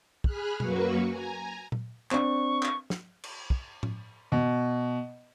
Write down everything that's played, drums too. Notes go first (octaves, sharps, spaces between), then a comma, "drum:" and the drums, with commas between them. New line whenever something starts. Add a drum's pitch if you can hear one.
G#4 B5 F6 F#6, drum: kick
F#2 F#3 A#3 F#4 B4 C#6, drum: tom B2
G#5 A#5
drum: tom A#2
C4 D4 C#6, drum: clap
drum: clap
drum: snare
drum: cymbal
drum: kick
drum: tom A2
B2